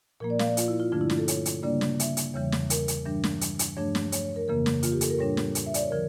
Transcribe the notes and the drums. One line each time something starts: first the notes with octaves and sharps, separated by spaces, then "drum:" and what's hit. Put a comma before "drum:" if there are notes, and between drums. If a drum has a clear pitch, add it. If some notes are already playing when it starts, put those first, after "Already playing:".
A#2 F3 A#3 A#4
D5
F5, drum: snare
D5
F4, drum: hi-hat
E4
F4
G2 D3 F3 A3 D4 F4
E4
F4, drum: snare
A4
C#5, drum: hi-hat
drum: hi-hat
C#3 G3 A#3 D4 D5
drum: snare
E5, drum: hi-hat
drum: hi-hat
E2 C#3 E3 G3 C#5
drum: snare
A#4, drum: hi-hat
drum: hi-hat
G2 E3 G3 D4
drum: snare
drum: hi-hat
drum: hi-hat
G2 F3 A3 D4 C#5
drum: snare
C#5, drum: hi-hat
C#5
A#4
F2 C#3 E3 A#3 A#4
drum: snare
F4, drum: hi-hat
G4
A4, drum: hi-hat
A#4
A2 G3 D4 C#5
drum: snare
drum: hi-hat
E5
D5, drum: hi-hat
C#5
D3 F3 A#4